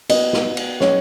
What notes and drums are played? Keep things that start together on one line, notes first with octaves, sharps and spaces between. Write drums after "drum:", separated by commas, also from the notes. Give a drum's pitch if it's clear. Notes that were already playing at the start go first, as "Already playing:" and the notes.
B3 F#4 B4 D#5, drum: cymbal
drum: snare
drum: cymbal
F#3 C#4 G#4 C#5 D#5, drum: snare